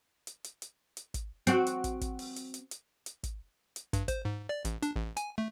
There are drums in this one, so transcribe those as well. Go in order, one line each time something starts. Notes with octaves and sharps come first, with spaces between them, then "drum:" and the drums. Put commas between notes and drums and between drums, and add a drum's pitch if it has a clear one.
drum: hi-hat
drum: hi-hat
drum: hi-hat
drum: hi-hat
drum: kick, hi-hat
C4 F#4, drum: hi-hat
drum: hi-hat
drum: kick, hi-hat
drum: kick, hi-hat
drum: open hi-hat
drum: hi-hat
drum: hi-hat
drum: hi-hat
drum: hi-hat
drum: kick, hi-hat
drum: hi-hat
G2, drum: kick, hi-hat
C5, drum: kick, hi-hat
G#2
D5
A1, drum: hi-hat
D4, drum: hi-hat
A1
G#5, drum: hi-hat
A3